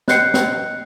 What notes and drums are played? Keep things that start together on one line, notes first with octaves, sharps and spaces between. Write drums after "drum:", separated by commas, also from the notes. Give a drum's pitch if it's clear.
D#5 F#6 G6 C7 C#7, drum: snare
drum: snare